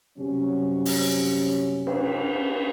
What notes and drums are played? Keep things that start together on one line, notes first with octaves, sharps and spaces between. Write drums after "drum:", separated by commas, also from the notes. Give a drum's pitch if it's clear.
F#1 C3 F#3 G3 C#4
drum: open hi-hat
drum: cymbal